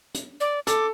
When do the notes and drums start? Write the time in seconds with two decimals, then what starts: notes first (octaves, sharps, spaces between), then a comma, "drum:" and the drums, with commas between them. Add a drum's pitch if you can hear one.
0.15 drum: hi-hat
0.41 D5
0.67 A4 D6, drum: hi-hat